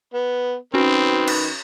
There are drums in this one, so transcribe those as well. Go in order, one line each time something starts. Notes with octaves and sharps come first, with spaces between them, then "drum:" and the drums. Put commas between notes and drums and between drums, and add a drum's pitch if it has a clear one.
B3
D#3 C4 C#4 F#4 B4
drum: cymbal